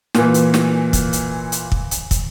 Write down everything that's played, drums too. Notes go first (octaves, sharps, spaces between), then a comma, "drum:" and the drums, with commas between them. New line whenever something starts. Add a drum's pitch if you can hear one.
A#2 E3, drum: snare
drum: hi-hat
drum: snare
drum: kick, hi-hat
drum: hi-hat
drum: hi-hat
drum: kick
drum: hi-hat
drum: kick, hi-hat